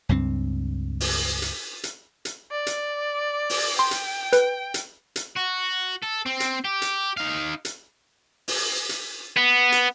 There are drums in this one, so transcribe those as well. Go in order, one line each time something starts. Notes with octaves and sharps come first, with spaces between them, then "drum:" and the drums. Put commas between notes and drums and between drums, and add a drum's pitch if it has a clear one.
C#2 G2 G#3 C4
drum: open hi-hat
drum: hi-hat
drum: hi-hat
drum: hi-hat
D5
drum: hi-hat
drum: open hi-hat
G5 C6
drum: hi-hat
B4, drum: hi-hat
drum: hi-hat
drum: hi-hat
F#4
A4
C4
drum: hi-hat
G4
drum: hi-hat
D#4 F5
drum: hi-hat
drum: open hi-hat
drum: hi-hat
B3
drum: hi-hat